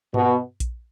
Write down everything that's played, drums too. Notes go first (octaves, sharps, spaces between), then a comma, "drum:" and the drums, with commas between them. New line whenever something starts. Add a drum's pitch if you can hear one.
B2, drum: tom G2
drum: kick A#1, hi-hat